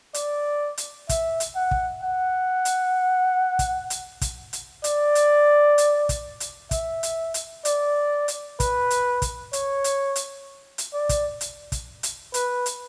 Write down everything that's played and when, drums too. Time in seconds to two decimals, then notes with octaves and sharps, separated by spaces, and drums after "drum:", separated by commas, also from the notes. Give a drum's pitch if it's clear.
0.14 D5, drum: hi-hat
0.78 drum: hi-hat
1.09 E5, drum: kick, hi-hat
1.40 drum: hi-hat
1.55 F#5
1.71 drum: kick
2.03 F#5
2.65 drum: hi-hat
3.59 drum: kick, hi-hat
3.90 drum: hi-hat
4.21 drum: kick, hi-hat
4.53 drum: hi-hat
4.84 D5, drum: hi-hat
5.15 drum: hi-hat
5.78 drum: hi-hat
6.09 drum: kick, hi-hat
6.40 drum: hi-hat
6.71 E5, drum: kick, hi-hat
7.03 drum: hi-hat
7.34 drum: hi-hat
7.65 D5, drum: hi-hat
8.28 drum: hi-hat
8.60 B4, drum: kick, hi-hat
8.90 drum: hi-hat
9.22 drum: kick, hi-hat
9.53 C#5, drum: hi-hat
9.84 drum: hi-hat
10.16 drum: hi-hat
10.78 drum: hi-hat
10.93 D5
11.09 drum: kick, hi-hat
11.41 drum: hi-hat
11.72 drum: kick, hi-hat
12.03 drum: hi-hat
12.34 B4, drum: hi-hat
12.66 drum: hi-hat